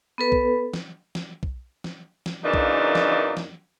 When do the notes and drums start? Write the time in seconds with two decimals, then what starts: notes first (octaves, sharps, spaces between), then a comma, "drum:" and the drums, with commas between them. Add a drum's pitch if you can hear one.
0.18 B3 A4 B4
0.32 drum: kick
0.74 drum: snare
1.15 drum: snare
1.43 drum: kick
1.84 drum: snare
2.26 drum: snare
2.44 F#2 C#3 E3 A#3 D4 D#4
2.54 drum: kick
2.95 drum: snare
3.37 drum: snare